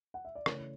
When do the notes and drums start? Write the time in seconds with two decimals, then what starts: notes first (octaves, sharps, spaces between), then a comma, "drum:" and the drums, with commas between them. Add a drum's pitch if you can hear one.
0.14 F#5
0.25 E5
0.35 D5
0.46 C#3 E3 A3 C#5, drum: rim click